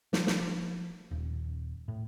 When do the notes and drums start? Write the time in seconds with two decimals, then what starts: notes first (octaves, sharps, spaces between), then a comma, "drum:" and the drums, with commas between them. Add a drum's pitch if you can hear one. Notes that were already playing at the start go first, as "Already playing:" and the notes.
0.13 F3, drum: snare
0.27 drum: snare
1.11 D#1
1.88 A2